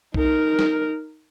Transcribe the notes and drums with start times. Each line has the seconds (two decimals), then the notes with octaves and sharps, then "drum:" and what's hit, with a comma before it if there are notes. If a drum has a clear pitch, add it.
0.14 D#4 A#4, drum: kick C2
0.59 drum: snare